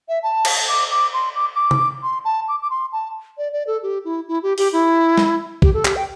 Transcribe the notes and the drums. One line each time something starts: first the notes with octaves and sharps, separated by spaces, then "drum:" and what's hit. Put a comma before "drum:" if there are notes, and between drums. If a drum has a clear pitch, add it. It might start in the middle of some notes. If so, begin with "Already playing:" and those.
E5
A5
drum: cymbal
D6
D6
C6
D6
D6
drum: tom C3
C6
A5
D6
D6
C6
A5
D5
D5
A4
G4
E4
E4
G4
G4, drum: open hi-hat
E4
drum: snare
G4, drum: kick A#1
A4
G4, drum: clap
G5